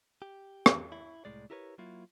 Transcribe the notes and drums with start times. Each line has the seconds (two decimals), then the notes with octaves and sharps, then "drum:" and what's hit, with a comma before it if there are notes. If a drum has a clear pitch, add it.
0.22 G4
0.66 drum: rim click
0.92 E4
1.25 C2 A2 G#3 D5
1.50 E4 G4 A#4 B4 C#5
1.78 F#3 A#3 E4 F4